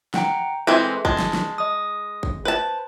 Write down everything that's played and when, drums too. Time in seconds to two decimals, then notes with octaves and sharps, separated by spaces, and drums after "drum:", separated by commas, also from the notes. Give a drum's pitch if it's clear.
0.14 F#5 G5 A#5, drum: snare
0.67 E3 G#3 C4 A4 B4
1.05 G#3 A5, drum: kick
1.18 drum: snare
1.33 drum: snare
1.58 D#5 D#6
2.23 drum: kick
2.45 B4 C5 A5